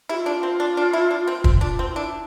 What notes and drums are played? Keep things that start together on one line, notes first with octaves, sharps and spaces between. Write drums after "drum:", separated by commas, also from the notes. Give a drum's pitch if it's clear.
E4 G4
F4
D4
C4
D4
D4
E4
D4
C4
C4, drum: kick
D4 F4
C4
F4
D4 E4